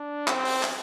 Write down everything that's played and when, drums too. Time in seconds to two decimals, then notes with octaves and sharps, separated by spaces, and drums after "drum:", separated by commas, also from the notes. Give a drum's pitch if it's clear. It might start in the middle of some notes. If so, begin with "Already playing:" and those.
Already playing: D4
0.28 C4, drum: clap
0.45 drum: open hi-hat
0.63 drum: clap